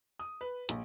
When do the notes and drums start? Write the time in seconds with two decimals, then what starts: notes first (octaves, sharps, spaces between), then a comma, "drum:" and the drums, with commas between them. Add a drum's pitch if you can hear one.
0.19 D#6
0.41 B4
0.69 A#1, drum: hi-hat